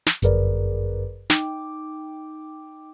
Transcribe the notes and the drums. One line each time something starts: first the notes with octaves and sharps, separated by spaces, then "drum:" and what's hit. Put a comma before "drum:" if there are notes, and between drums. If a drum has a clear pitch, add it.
drum: snare
G1 F#2 G#4 A#4 B4 D5, drum: hi-hat
D#4 G5 D6, drum: snare